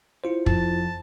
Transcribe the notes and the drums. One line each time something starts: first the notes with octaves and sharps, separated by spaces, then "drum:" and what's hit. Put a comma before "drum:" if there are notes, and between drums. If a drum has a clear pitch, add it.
E4 F4 C5
F2 A5, drum: kick